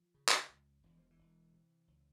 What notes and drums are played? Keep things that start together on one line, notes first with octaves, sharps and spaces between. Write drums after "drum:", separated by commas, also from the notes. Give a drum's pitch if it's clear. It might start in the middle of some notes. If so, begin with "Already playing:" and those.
Already playing: F3
C#3
drum: clap
C#2
E1 E3
F3
E3
E1
C3
C#2